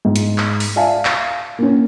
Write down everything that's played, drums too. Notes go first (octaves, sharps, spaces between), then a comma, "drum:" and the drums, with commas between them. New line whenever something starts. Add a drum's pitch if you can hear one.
G#2
drum: hi-hat
drum: clap
drum: open hi-hat
D5 E5 F5 G#5 A5
F5, drum: clap
A#3 C#4